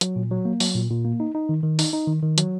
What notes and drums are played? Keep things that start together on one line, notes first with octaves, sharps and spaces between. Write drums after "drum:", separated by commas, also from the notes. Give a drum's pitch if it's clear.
F#3, drum: hi-hat
A#2
F#3
A#3
F#3, drum: open hi-hat
A#2
A#2
A#3
D#4
D#4
D#3
D#3
D#4, drum: open hi-hat
D#4
D#3
D#3
F#3, drum: hi-hat